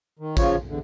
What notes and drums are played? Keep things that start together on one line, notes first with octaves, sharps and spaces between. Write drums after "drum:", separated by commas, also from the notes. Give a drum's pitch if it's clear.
D#3
C#3 F3 F4 C#5, drum: kick G#1, tambourine
E2 D3